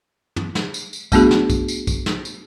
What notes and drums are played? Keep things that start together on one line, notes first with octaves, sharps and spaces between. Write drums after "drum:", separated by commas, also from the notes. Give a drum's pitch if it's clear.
drum: tom
drum: snare
drum: tambourine
drum: tambourine
G3 A3 B3 D4 F#4 G#4, drum: kick, tambourine
drum: snare
drum: kick, tambourine
drum: tambourine
drum: kick, tambourine
drum: snare
drum: tambourine